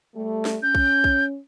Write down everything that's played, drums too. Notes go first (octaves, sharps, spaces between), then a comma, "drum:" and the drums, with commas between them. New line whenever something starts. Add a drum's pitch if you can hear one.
G3 A3
drum: snare
C#4 G6
drum: kick A#1
drum: kick A#1